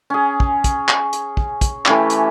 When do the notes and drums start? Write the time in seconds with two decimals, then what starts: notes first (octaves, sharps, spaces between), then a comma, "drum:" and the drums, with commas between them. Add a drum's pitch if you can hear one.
0.10 C#4 G#4
0.40 drum: kick
0.64 drum: kick, hi-hat
0.89 drum: clap
1.13 drum: hi-hat
1.37 drum: kick
1.61 drum: kick, hi-hat
1.86 E3 A3 C#4 G4, drum: clap
2.10 drum: hi-hat